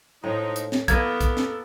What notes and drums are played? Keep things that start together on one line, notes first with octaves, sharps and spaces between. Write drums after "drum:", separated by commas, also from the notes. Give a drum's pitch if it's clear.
A2 F3 G#3 D#4
drum: hi-hat
drum: snare
A#3 B3 A4 A#4 D#5 G#6, drum: kick, hi-hat
drum: kick, hi-hat
drum: snare